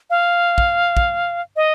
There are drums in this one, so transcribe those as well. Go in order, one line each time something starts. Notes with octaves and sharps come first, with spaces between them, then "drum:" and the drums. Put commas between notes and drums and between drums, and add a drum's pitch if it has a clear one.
F5
drum: kick
drum: kick
D#5